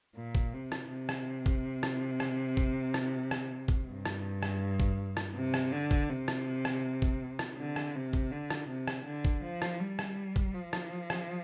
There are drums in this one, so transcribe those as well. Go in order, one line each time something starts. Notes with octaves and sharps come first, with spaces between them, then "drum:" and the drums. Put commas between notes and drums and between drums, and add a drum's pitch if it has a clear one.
A#2
drum: kick G#1
C3
drum: rim click
C3
drum: rim click
drum: kick G#1
drum: rim click
drum: rim click
drum: kick G#1
drum: rim click
drum: rim click
drum: kick G#1
G2
drum: rim click
drum: rim click
drum: kick G#1
drum: rim click
C3
drum: rim click
D3
drum: kick G#1
C3
drum: rim click
drum: rim click
drum: kick G#1
drum: rim click
D3
drum: rim click
C3
drum: kick G#1
D3
drum: rim click
C3
drum: rim click
D3
drum: kick G#1
F3
drum: rim click
G3
drum: rim click
drum: kick G#1
F3
drum: rim click
drum: rim click